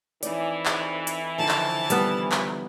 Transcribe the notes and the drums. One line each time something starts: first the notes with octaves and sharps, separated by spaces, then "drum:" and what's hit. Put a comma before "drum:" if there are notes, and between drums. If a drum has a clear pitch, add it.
F2 E3 D#4 D5, drum: hi-hat
drum: clap
drum: hi-hat
D3 D#3 F3 A5
drum: clap
G3 B3, drum: hi-hat
drum: clap